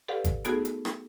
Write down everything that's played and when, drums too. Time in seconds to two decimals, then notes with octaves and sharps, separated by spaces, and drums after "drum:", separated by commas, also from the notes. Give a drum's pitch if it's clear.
0.08 G4 A4 B4 D5 F5 F#5
0.24 drum: kick, hi-hat
0.45 A3 B3 D#4 F#4 G#4 A4, drum: hi-hat
0.65 drum: hi-hat
0.85 drum: rim click